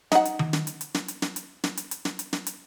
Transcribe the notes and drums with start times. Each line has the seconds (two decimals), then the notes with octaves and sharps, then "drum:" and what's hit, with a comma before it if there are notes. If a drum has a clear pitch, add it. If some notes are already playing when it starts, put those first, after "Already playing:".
0.12 D#4 F#5, drum: snare
0.25 drum: hi-hat
0.39 drum: tom D#3
0.53 drum: snare
0.67 drum: hi-hat
0.81 drum: hi-hat
0.94 drum: snare
1.08 drum: hi-hat
1.22 drum: snare
1.36 drum: hi-hat
1.64 drum: snare
1.77 drum: hi-hat
1.91 drum: hi-hat
2.05 drum: snare
2.19 drum: hi-hat
2.33 drum: snare
2.46 drum: hi-hat